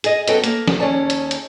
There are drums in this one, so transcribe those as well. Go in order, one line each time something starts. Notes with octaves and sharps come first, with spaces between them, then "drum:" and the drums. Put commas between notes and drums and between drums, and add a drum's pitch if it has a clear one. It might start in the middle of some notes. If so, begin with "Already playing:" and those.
G#4 D#5, drum: hi-hat
F#2 B3 D#4 F#4 A4 G5, drum: hi-hat
A#3, drum: hi-hat
drum: snare
D#2 C#4 G#4 D5 A5
drum: hi-hat
drum: hi-hat